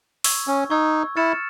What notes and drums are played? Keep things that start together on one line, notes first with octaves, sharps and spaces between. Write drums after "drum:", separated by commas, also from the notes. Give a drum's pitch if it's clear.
C#6 E6 G#6, drum: open hi-hat
C#4
D#4 C#6 E6 G#6
E4 F6 A6 C#7 E7